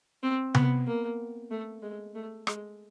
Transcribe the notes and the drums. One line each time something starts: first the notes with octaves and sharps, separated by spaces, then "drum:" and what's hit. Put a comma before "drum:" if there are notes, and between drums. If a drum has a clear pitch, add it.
C4
B3, drum: tom C3
A#3
A3
G#3
A3
G#3, drum: rim click